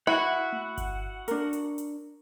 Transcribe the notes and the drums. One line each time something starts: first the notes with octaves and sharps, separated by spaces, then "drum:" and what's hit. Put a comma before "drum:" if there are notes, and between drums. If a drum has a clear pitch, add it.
E4 F#4 F#5
drum: tom A3
drum: kick G1, hi-hat
D4 A#4, drum: hi-hat
drum: hi-hat
drum: hi-hat